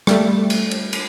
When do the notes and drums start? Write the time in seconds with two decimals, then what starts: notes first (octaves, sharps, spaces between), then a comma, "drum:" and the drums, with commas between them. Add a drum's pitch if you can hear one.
0.07 G3 A3, drum: rim click
0.50 drum: cymbal
0.71 drum: cymbal
0.93 drum: cymbal